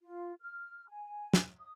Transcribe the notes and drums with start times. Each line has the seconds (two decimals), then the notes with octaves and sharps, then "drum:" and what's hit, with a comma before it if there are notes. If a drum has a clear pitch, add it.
0.01 F4
0.41 F6
0.88 G#5
1.34 drum: snare
1.60 D#6